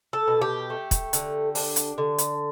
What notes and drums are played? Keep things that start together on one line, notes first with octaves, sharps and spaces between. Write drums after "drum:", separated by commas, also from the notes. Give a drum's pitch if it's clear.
A4
B2
G4
A3
drum: kick, hi-hat
D3, drum: hi-hat
D4, drum: open hi-hat
drum: hi-hat
D3
drum: hi-hat